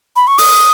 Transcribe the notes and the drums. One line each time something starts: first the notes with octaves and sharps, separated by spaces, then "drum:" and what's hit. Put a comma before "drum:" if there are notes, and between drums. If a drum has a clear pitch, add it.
B5
C#6
D#6, drum: open hi-hat